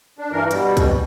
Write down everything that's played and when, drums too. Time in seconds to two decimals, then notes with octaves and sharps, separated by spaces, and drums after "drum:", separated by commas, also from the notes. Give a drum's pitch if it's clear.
0.19 D4
0.32 G2 E3 A#4
0.51 B2 G3, drum: hi-hat
0.77 drum: kick B1, hi-hat